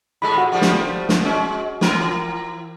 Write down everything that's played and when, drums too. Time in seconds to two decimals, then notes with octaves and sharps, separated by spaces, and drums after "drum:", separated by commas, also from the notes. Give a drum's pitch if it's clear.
0.22 A2 G#3 A4 B5
0.38 F#4
0.52 F3 G3 A3
0.61 drum: snare
1.09 drum: snare
1.25 G#3 C#4
1.81 E3 A#4, drum: snare